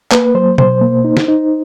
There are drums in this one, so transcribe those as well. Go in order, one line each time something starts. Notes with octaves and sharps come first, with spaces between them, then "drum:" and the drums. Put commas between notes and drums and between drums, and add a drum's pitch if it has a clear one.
A#3 B4, drum: clap
F#3 C5
B2 C5, drum: tom
A#3
D#4
drum: snare
D#4